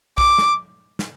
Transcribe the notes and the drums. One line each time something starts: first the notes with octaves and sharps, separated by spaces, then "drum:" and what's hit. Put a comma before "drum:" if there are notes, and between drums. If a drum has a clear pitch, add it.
D6, drum: kick B1
drum: snare
drum: snare